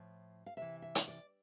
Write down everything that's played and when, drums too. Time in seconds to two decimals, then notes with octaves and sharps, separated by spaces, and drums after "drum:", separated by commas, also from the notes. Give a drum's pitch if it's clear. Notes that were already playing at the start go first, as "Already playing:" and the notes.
Already playing: A2 F3
0.46 F5
0.57 C3 E3 E5
0.82 E5
0.95 drum: hi-hat
1.08 D5